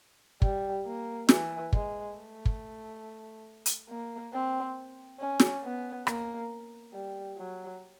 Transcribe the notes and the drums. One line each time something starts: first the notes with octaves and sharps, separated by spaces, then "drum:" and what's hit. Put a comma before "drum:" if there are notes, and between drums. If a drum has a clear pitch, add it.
G3, drum: kick
A#3
E3, drum: snare
G#3, drum: kick
A3
drum: kick
drum: hi-hat
A#3
C4
C#4
drum: snare
B3
A#3, drum: rim click
G3
F#3